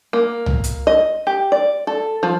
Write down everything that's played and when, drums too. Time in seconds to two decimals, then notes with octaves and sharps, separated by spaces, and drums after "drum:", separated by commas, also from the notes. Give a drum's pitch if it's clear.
0.13 A#3
0.46 drum: tom C2
0.64 drum: hi-hat
0.87 D#5
1.27 G4
1.52 D5
1.87 A4
2.23 F3